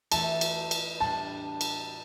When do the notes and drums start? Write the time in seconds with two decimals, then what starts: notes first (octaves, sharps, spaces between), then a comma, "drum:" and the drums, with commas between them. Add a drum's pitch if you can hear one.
0.12 E2 E3 A3 E4 A5, drum: cymbal
0.41 drum: cymbal
0.71 drum: cymbal
1.00 A2 G3 D4 A5
1.61 drum: cymbal